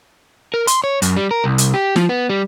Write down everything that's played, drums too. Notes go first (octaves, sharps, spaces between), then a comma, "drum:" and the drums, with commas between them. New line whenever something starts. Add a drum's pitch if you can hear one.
A#4
C6, drum: hi-hat
C#5
F#2, drum: hi-hat
G3
A#4
C2
drum: hi-hat
G4
F3, drum: snare
B3
G3